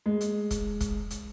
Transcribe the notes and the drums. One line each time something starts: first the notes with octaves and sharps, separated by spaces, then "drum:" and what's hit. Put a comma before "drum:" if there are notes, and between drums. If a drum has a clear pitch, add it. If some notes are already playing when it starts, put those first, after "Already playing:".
G#3
drum: hi-hat
drum: kick, hi-hat
drum: kick, hi-hat
drum: hi-hat